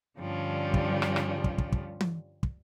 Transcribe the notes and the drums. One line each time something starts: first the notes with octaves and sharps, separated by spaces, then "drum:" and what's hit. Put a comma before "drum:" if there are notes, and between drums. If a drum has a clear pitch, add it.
G2 D3 F3 G3 C#4
drum: kick
drum: rim click
drum: rim click
drum: kick
drum: kick
drum: kick
drum: tom E3
drum: kick